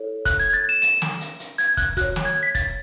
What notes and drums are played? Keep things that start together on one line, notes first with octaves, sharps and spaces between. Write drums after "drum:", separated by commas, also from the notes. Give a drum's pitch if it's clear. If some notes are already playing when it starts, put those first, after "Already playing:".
Already playing: E4 A4 C#5
F#6, drum: kick, hi-hat
G#6
A6
E7
E7, drum: hi-hat
drum: snare
drum: hi-hat
drum: hi-hat
G#6, drum: hi-hat
F#6, drum: kick, hi-hat
F#4 C#5 F#6, drum: kick, hi-hat
drum: snare
G#6
B6
A6, drum: kick, hi-hat